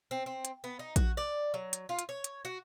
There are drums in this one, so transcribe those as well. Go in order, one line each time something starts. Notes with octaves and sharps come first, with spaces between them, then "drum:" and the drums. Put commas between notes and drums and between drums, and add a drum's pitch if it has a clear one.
C4
C4
drum: hi-hat
B3
D#4
F#4, drum: kick A#1, hi-hat
D5
F#3
drum: hi-hat
F4
drum: hi-hat
C#5
drum: hi-hat
F#4